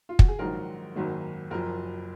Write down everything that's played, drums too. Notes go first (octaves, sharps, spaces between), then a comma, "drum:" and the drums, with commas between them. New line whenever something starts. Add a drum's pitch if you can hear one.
F4
F#4, drum: kick
G#4
A#1 G#2 D#3 F#3 A#4
G#1 F#2 D#3 F#3 A#3
F#1 F#2 F3 A#4